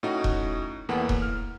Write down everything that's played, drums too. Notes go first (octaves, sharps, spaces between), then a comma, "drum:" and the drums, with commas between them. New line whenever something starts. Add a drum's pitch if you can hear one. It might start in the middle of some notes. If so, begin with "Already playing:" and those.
A2 C#4 D#4 F#4
drum: kick E1
E2 A2 A#3 B4 F#5
drum: kick E1
F6